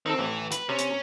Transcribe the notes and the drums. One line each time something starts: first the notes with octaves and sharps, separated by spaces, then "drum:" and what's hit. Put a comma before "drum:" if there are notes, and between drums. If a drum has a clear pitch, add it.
D#3 C4 D#4 A4
A1 E3
B4, drum: hi-hat
C3 C#4
drum: hi-hat